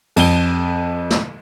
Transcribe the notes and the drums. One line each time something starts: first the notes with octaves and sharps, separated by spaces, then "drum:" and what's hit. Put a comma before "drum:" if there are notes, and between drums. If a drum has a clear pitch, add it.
F2 G7, drum: cymbal
drum: snare